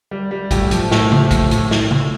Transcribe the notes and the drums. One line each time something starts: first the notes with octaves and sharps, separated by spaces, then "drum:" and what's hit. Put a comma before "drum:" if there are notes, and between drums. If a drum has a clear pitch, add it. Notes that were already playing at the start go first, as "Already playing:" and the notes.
G3
G3
A2 G4, drum: kick, hi-hat
F3, drum: hi-hat
A2, drum: snare
F3, drum: tom C#3
A2, drum: kick, hi-hat
A2, drum: hi-hat
A2, drum: snare
A2, drum: tom C#3